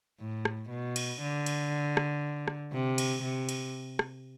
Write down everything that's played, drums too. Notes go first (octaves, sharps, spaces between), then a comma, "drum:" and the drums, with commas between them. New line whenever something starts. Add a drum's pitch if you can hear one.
A2
drum: rim click
B2
drum: cymbal
D3
drum: cymbal
drum: rim click
drum: rim click
C3
drum: cymbal
C3
drum: cymbal
drum: rim click